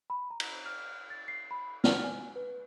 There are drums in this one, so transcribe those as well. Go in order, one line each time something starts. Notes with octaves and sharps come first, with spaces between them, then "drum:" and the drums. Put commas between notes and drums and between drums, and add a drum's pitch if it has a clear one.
B5
A#5
drum: cymbal
F6
A6
C7
B5
F6, drum: snare
G#5
B4